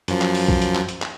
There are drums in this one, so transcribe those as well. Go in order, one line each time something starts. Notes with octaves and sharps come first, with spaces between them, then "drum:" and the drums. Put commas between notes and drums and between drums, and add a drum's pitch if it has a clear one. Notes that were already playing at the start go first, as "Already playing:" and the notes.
F#2 F3, drum: hi-hat
drum: clap
drum: open hi-hat
drum: kick
drum: hi-hat
drum: clap
drum: hi-hat
drum: clap